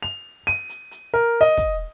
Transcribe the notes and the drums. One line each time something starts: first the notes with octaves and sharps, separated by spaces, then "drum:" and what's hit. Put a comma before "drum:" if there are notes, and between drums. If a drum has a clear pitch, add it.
F7
D#7
drum: hi-hat
drum: hi-hat
A#4
D#5
drum: kick, hi-hat